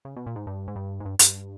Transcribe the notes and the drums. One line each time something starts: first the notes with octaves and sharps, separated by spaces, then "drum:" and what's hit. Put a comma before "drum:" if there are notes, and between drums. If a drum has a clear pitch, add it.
C#3
B2
A#2
G#2
G2
G#2
G2
G#2
G2
G2, drum: hi-hat